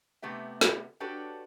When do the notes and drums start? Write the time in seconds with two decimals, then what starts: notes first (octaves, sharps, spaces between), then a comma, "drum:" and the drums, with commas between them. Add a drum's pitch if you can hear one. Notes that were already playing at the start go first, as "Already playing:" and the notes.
0.22 C3 A3 B3 G4 E5
0.61 drum: snare
1.00 D4 F#4 G4 A4 B4 C#5